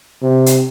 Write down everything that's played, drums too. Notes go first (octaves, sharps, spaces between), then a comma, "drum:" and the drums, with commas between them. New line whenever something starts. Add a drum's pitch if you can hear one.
C3
drum: hi-hat